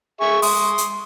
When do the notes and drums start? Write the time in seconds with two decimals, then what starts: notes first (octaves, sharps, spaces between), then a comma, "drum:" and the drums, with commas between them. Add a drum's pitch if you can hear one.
0.21 G#4 E5 C#6
0.42 C6 D#6, drum: open hi-hat
0.78 drum: hi-hat